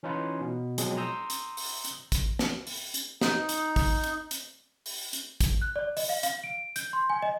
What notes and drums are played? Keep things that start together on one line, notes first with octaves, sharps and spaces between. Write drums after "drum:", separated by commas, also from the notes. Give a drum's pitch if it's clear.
E3 C#4 D#4 F4 B4
B2
B2 F3 F#3 G#3 C4 G#4, drum: hi-hat
A#5 C6 D#6 E6 G6
drum: hi-hat
drum: open hi-hat
drum: hi-hat
drum: kick A1, hi-hat
drum: snare
drum: open hi-hat
drum: hi-hat
D#4, drum: snare
drum: hi-hat
drum: kick A1, open hi-hat
drum: hi-hat
drum: hi-hat
drum: open hi-hat
drum: hi-hat
drum: kick A1, hi-hat
F#6
D5
D#5, drum: open hi-hat
F5
F5, drum: hi-hat
D7
G6, drum: hi-hat
C6
G#5
D#5